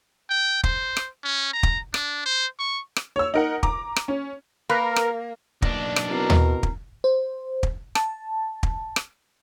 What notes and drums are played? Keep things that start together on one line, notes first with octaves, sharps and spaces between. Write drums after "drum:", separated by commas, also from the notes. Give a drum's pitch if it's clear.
G5
C5, drum: kick
drum: rim click
C#4
A#5
drum: kick
D4, drum: rim click
C5
C#6
drum: rim click
C#5 E6
D#4 A#4 F#5
A#5 D6, drum: kick
drum: rim click
C#4
A#3 A#4 B4
drum: rim click
B1 A#3 D4 D5 A#6, drum: kick
drum: rim click
B2 C4 E4 A#4 C7
drum: tom D#2
drum: kick
C5
drum: kick
A5, drum: rim click
drum: kick
drum: rim click